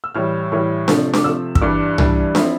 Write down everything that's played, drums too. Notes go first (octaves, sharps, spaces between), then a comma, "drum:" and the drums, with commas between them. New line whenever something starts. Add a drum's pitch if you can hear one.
E6
A2 E3 G3 F6
A2 E3 G3
C3 F3 A3, drum: snare D4
D6, drum: snare D4
C3 F3 A3 E6
E6, drum: kick
G2 E3 G3 D4 D6
G2 E3 G3 D4, drum: tom C2
F3 C4 E4 B5, drum: snare D4